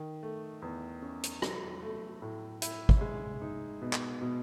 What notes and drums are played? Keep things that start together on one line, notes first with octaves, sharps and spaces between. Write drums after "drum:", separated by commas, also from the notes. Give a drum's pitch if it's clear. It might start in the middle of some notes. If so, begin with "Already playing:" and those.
Already playing: D#3
A3
E2
C#4
drum: hi-hat
F#3, drum: rim click
A3
A2
E4, drum: hi-hat
drum: kick
G#3
D#4
B2
drum: clap
B2